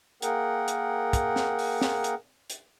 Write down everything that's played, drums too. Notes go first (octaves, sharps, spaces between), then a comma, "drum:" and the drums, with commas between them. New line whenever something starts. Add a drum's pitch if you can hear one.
A#3 G#4 A#4 F#5 G5, drum: hi-hat
drum: hi-hat
drum: kick, hi-hat
drum: snare
drum: open hi-hat
drum: snare
drum: hi-hat
drum: hi-hat